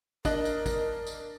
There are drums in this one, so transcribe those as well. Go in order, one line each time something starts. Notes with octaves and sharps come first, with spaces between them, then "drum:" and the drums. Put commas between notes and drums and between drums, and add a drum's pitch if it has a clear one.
D4 A#4 D#5 F#6, drum: kick, tambourine
drum: tambourine
drum: kick, tambourine
drum: tambourine